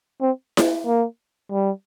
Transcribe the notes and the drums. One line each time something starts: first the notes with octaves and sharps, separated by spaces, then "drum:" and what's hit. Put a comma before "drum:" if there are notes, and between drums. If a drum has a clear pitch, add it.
C4
drum: snare E4
A#3
G3